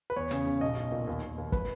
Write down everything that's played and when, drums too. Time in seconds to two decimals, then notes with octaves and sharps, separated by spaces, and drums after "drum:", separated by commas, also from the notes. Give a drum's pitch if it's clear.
0.10 B4
0.16 E2 C#5
0.31 C#3, drum: snare
0.47 C#3
0.61 B1 D#5
0.76 B1
0.92 A#2
1.07 D#2
1.23 D#2
1.38 D#2
1.52 B4, drum: kick